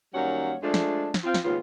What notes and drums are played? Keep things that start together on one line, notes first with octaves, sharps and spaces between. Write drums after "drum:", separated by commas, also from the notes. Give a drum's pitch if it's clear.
F#2 D#3 G3 A#3 C#5 F#5
F3 G#3 A3 D4
drum: snare
drum: snare
C4 F4
drum: snare
D#2 G#2 C#3 B3 F4